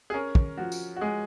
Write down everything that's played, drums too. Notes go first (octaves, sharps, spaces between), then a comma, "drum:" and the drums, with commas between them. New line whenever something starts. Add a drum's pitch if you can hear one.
G#4
C#4 A#4
drum: kick
F3 F#4
drum: tambourine
F#4
G#3 G#4